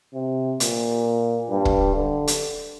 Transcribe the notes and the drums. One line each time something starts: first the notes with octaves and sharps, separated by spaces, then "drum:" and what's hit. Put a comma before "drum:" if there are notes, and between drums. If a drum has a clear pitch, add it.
C3
A#2, drum: hi-hat
G2
drum: kick
D3
drum: hi-hat